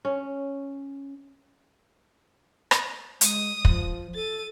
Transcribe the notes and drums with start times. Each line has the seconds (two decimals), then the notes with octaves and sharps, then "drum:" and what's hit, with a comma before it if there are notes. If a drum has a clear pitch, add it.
0.05 C#4
2.71 drum: rim click
3.21 G#3 D#6, drum: hi-hat
3.65 F3, drum: kick
4.15 A4 A6 D#7